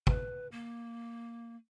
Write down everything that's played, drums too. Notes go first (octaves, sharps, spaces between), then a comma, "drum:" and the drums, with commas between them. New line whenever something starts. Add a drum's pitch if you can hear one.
B4, drum: kick
A#3